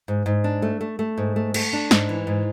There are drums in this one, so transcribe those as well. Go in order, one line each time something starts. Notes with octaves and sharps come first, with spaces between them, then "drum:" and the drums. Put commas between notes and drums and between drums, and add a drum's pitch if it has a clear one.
G#2
G#2
D4
A3
A3
A3
G#2
A3
A3, drum: cymbal
D4
G#2, drum: snare
E3
G#2